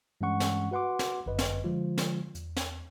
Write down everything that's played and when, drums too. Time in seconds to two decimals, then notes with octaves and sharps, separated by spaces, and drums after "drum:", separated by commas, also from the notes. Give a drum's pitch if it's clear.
0.21 G2 E3 G#3 C#4 F#5 C#6
0.40 drum: snare
0.71 F#4 B4 F#5 C6 D6
0.99 drum: snare
1.26 G1 F#2 B4 D#5
1.39 drum: snare
1.64 D3 F3 G#3 F4
1.98 drum: snare
2.35 E2, drum: hi-hat
2.56 drum: snare